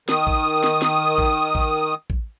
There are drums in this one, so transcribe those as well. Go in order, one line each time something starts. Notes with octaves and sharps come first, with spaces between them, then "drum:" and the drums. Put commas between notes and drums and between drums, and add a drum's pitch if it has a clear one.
D#3 D#6, drum: snare
drum: kick
drum: snare
drum: snare
drum: kick
drum: kick
drum: kick